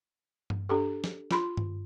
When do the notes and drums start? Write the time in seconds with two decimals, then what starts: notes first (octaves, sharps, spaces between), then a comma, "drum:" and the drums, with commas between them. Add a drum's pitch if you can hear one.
0.50 drum: tom G2
0.69 D4 G4 A4
1.04 drum: snare
1.31 F4 B5 C6, drum: snare
1.57 drum: tom G2